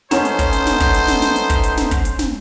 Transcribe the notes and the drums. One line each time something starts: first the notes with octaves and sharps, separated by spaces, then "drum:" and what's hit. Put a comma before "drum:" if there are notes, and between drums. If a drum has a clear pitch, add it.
A3 B3 C#4 D#4 C5 E7, drum: snare
drum: hi-hat
drum: kick, hi-hat
drum: hi-hat
drum: snare
drum: kick, hi-hat
drum: hi-hat
drum: snare
drum: snare
drum: hi-hat
drum: kick, hi-hat
drum: hi-hat
drum: snare
drum: kick, hi-hat
drum: hi-hat
drum: snare